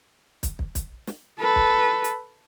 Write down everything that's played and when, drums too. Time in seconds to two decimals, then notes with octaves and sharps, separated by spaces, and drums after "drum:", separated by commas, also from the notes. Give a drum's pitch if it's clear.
0.43 drum: kick, hi-hat
0.59 drum: kick
0.75 drum: kick, hi-hat
1.07 drum: snare
1.40 A4 B4
1.56 drum: kick
2.04 drum: hi-hat